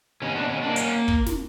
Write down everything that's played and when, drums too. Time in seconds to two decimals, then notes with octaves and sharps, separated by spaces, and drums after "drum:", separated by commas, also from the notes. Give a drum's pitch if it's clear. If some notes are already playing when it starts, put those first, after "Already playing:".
0.22 B2 C#4
0.36 D4
0.49 C#4
0.62 A#3 D4
0.76 C#4, drum: hi-hat
1.08 drum: kick
1.26 drum: snare